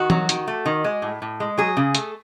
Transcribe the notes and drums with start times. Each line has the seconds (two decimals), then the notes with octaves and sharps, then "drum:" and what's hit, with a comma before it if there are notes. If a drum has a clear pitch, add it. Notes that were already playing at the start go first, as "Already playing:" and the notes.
Already playing: D#3 F#4
0.10 F#3, drum: tom E3
0.29 D#3, drum: hi-hat
0.48 A3
0.66 D#3
0.84 G#3
1.02 A2
1.22 A2
1.40 G#3
1.58 F#3 G#4
1.77 C#3
1.95 A3, drum: hi-hat